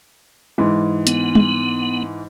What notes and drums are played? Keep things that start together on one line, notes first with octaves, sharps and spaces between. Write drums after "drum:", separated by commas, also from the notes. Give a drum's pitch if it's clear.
G#2 E3
B3, drum: hi-hat
drum: tom G3